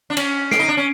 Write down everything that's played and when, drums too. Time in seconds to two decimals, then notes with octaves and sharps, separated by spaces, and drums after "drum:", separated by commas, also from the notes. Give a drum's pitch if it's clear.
0.10 D4
0.17 C#4, drum: cymbal
0.51 C7 D7, drum: snare
0.59 D#4
0.68 D4
0.77 C#4